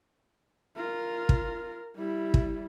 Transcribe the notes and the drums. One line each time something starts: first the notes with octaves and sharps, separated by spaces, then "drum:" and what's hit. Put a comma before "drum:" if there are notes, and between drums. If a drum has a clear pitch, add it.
F4 A#4
drum: kick
G3 E4
drum: kick